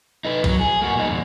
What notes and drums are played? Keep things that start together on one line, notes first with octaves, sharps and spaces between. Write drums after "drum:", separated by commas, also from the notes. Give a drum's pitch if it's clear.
D#4 B4
D#3 F#3, drum: kick A#1
G#4
A#3 F#4
A#2 D#4
E2 A#2